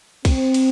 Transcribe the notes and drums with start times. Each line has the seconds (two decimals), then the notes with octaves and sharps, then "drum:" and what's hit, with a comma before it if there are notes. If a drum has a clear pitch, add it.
0.25 C4, drum: kick, cymbal
0.54 drum: cymbal